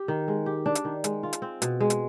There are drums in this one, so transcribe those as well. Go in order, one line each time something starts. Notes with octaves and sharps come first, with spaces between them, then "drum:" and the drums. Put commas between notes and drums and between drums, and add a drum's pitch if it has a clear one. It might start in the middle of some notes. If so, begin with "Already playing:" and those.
Already playing: G4
D#3
G#3
G4
D4
drum: hi-hat
D#3
G#3, drum: hi-hat
F4
drum: hi-hat
C4
B2, drum: hi-hat
G#3
drum: hi-hat